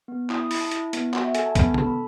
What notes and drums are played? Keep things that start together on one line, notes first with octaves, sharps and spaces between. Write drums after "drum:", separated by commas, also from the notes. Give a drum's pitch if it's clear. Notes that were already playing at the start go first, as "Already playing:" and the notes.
B3
E4 D#6, drum: clap
D#6
E4 B5, drum: open hi-hat
A5
E4, drum: hi-hat
B3, drum: hi-hat
F#4 F#5, drum: clap
E5
A4 G#5, drum: hi-hat
A5
B3 B5, drum: kick B1, hi-hat
A4 A5, drum: tom
B5